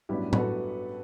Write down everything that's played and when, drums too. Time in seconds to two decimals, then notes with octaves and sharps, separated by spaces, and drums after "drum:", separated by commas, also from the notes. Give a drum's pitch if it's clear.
0.09 A1 G2 F#3 B3 D4 E4 G4
0.33 B4, drum: tom A2
0.36 F#4 A4